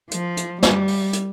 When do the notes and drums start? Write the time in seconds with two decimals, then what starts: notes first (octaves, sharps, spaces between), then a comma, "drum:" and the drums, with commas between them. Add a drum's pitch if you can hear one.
0.11 F3, drum: hi-hat
0.37 drum: hi-hat
0.63 G3, drum: snare
0.88 drum: open hi-hat
1.13 drum: hi-hat